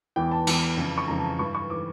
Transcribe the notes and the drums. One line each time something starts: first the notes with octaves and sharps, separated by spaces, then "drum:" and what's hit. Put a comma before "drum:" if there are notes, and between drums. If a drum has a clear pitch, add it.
E2 E3 G5
A5
E2 E3, drum: cymbal
F2 C#3 E3
C#6
F2 C#3 E3 A#5
A5
A#5
G2 E3 C#6
C#6
E3 D6